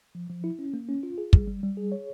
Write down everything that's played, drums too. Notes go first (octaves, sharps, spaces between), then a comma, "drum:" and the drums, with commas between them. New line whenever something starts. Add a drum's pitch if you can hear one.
F3
F3
E4
C#4
A#3
C#4
F4
G#4
G3, drum: kick
G3
G3
G#4
C#5